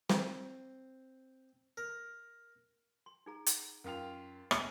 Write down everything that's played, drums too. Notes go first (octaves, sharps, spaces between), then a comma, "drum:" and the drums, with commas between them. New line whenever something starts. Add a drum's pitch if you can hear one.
C4, drum: snare
A#4
C6
D#4 G#4 A#5
drum: hi-hat
F#2 F4 A#4 F5 G5 F7
D2 B2 A5 C#6 D#6, drum: rim click